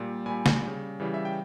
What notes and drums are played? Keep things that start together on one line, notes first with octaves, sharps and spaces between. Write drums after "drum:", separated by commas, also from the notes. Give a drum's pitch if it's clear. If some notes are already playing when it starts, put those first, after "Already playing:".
Already playing: A#2 G3
A#2 G3 G#5 B5
drum: snare
G3
C#3
C#3 E3 G3
E5
G5